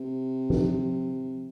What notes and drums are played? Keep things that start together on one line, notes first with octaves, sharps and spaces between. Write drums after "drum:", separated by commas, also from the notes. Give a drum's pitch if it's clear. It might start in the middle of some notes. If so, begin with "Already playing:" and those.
Already playing: C3
drum: tom F3